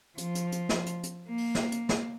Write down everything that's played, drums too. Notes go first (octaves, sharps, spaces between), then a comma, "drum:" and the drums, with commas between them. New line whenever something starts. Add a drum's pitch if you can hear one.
F3, drum: hi-hat
drum: hi-hat
drum: hi-hat
drum: snare
drum: hi-hat
drum: hi-hat
A#3
drum: open hi-hat
drum: snare
drum: hi-hat
drum: snare